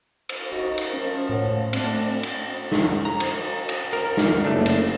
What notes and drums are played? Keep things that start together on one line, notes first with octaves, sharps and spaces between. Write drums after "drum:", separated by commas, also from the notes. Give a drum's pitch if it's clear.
drum: cymbal
D#4 F#4
drum: cymbal
F3 C#4 A#4
A2 C#5 F#5
A3 C4 D4, drum: cymbal
drum: cymbal
drum: snare
A#5
drum: cymbal
drum: cymbal
A#4
drum: snare
F#1 A3 D4
drum: cymbal